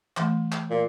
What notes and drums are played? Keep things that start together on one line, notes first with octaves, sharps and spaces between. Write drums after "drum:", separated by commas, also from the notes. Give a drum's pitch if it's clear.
E3 A3, drum: clap
drum: clap
A#2